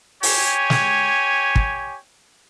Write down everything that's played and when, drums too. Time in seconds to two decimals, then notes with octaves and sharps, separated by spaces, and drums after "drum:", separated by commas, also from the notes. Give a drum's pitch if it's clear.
0.23 G4 C#5 G#5, drum: open hi-hat
0.70 drum: snare
1.56 drum: kick